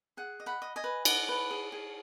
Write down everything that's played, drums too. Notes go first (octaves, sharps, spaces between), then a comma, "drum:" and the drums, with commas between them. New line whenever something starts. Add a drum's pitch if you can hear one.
G#4 F#5
D#5
F#5 B5
D#5
D#5 G#5
B4
D#5 F#5, drum: cymbal
B4
G#4
G#4